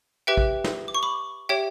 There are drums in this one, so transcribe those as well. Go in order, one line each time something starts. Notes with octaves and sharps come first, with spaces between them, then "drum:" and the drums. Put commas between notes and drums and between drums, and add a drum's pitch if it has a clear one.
G4 B4 E5 G5
drum: kick A1
drum: snare
D6
C#6
B5 D6
G4 C#5 E5 G5